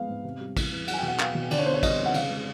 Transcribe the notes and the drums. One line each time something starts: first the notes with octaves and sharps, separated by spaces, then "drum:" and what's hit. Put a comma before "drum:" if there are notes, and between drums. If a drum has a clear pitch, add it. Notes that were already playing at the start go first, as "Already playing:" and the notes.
Already playing: F3 G#3 B3 F5
G#2
C3
G3
E3, drum: kick, cymbal
E2
F#3 F#5, drum: cymbal
G#5
B2 G5
F#5
B3 F5, drum: clap
B2
D3 D5, drum: cymbal
C#5
B3 C5
C#5
G3 D#5, drum: kick, cymbal
F2
F#5
C#3 F5, drum: cymbal
G#3